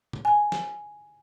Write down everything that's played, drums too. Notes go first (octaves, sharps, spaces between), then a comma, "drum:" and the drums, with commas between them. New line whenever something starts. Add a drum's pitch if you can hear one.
drum: tom A#2
G#5
drum: snare